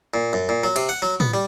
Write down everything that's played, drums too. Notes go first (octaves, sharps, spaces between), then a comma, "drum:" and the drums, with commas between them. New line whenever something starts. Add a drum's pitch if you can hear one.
A#2
F#2
A#2
F#3
C3, drum: cymbal
F#5
F#3
B3, drum: tom A2
G3